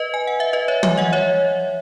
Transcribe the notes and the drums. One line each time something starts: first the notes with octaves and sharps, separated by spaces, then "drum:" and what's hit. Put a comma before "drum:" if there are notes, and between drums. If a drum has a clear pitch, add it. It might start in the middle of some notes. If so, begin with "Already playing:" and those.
Already playing: B4 D#5
G#5
F#5
E5
B4 D#5
C#5 E5
E5 G#5, drum: tom
D#5 F#5
C#5 E5